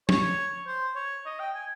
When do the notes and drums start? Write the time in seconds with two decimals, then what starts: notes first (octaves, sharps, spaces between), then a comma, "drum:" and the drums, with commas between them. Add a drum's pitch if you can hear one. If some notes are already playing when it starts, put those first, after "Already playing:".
0.09 C#5, drum: tom
0.67 C5
0.96 C#5
1.26 D#5
1.40 G5
1.55 G#5